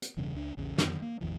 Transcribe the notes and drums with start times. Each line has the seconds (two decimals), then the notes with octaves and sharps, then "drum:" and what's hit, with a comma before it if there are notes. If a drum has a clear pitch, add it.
0.02 drum: hi-hat
0.17 E1 E2 G2 C#3
0.34 C#2 D4
0.57 A#1 E2 C#3
0.78 F2 D3 F#3 B3, drum: snare
1.02 A#3
1.21 A1 E2 D#3 F3